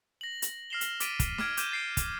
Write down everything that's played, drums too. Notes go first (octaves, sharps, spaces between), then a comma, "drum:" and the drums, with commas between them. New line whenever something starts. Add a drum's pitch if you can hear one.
A#6 F#7
drum: hi-hat
F6 A#6 C7 E7 F7 G7
drum: hi-hat
D6 A6 B6 D7 D#7, drum: hi-hat
drum: kick, hi-hat
D6 F6 G#6 D7, drum: snare
D6 G6 D#7 E7 G7, drum: hi-hat
A6 C7 D7 G7
drum: kick, hi-hat